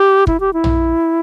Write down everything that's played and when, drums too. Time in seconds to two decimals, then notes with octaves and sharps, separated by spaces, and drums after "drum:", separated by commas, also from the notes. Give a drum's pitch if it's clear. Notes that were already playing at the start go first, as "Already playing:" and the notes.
Already playing: G4
0.27 E4, drum: kick
0.40 G4
0.53 E4
0.64 drum: tom A#1